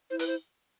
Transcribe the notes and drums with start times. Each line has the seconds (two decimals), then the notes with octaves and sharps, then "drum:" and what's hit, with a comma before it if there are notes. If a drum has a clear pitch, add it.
0.10 E4 C5
0.19 B4, drum: hi-hat
0.27 C5